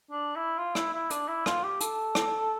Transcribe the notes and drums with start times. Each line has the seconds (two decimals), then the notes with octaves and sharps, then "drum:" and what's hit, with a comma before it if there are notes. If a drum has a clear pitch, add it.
0.11 D4
0.36 E4
0.58 F4
0.75 E4, drum: rim click
0.93 E4
1.10 D4, drum: hi-hat
1.28 E4
1.46 F4, drum: rim click
1.63 G4
1.80 A4, drum: hi-hat
2.15 drum: rim click